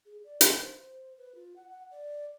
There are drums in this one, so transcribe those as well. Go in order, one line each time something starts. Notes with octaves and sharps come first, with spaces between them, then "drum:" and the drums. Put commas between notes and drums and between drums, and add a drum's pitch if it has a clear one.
G#4
D5
B4, drum: hi-hat
C5
B4
F4
F#5
F#5
D5